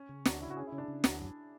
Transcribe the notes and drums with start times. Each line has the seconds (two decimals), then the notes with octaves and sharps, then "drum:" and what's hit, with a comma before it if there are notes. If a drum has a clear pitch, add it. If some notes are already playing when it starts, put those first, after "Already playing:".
Already playing: C#4
0.09 C#3
0.25 D2 D4, drum: snare
0.41 C#3 E4
0.50 F#4
0.57 C#4 G#4
0.67 E4
0.72 C#3
0.78 D4
0.88 C#3
1.04 D2, drum: snare
1.20 F#2